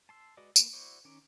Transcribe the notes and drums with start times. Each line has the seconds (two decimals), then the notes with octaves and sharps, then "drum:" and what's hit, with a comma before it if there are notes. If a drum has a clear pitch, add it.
0.09 A5 C6 E6
0.37 G#3 F#4 B4 D5 D#5
0.56 A#3 B4, drum: tambourine
0.73 E4 F#4 C5 D5 C#6
1.05 D#3 C#4 A#4 D6